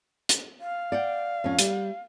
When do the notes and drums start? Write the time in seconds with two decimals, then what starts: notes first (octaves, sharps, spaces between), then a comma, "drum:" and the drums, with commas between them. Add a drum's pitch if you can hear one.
0.29 drum: hi-hat
0.60 F5
0.92 D5 F#5 G5
1.44 F2 C#4
1.59 G3, drum: hi-hat